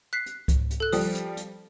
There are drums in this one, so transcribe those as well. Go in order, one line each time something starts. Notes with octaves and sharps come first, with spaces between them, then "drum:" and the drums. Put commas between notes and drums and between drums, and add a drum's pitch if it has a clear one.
F#6 B6 C7
drum: hi-hat
drum: kick C#2, hi-hat
drum: hi-hat
A4 F#6
F3 G3 D#6, drum: open hi-hat
drum: hi-hat
drum: hi-hat